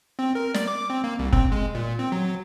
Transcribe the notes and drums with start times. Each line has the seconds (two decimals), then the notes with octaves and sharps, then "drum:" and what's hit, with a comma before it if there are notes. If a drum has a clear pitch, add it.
0.19 C4
0.35 A#4
0.54 D5, drum: snare
0.68 D6
0.90 C4
1.04 A#3
1.19 C2
1.33 C4, drum: kick
1.52 G#3
1.75 A#2
1.99 C4
2.12 F#3